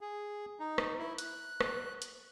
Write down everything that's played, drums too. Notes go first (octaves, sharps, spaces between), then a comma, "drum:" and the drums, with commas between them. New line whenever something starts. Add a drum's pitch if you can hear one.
G#4
D#4
drum: rim click
E4
F#6, drum: hi-hat
drum: rim click
drum: hi-hat